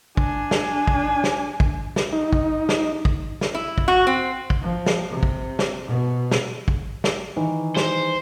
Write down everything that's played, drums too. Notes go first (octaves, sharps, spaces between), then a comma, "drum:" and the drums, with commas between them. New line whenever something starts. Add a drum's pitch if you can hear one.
D4 G#5, drum: kick
drum: snare
drum: kick
drum: snare
drum: kick
drum: snare
D#4
drum: kick
drum: snare
drum: kick
drum: snare
E4
drum: kick
F#4
C4
drum: kick
F3
drum: snare
C3
drum: kick
drum: snare
B2
drum: snare
drum: kick
drum: snare
D#3 E3
C5, drum: snare